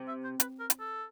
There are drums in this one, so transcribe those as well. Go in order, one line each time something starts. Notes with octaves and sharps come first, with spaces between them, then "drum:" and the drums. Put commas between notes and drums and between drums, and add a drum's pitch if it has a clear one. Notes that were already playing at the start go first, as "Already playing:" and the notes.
Already playing: C3
E5
C5
B4, drum: hi-hat
A#4
drum: hi-hat
A4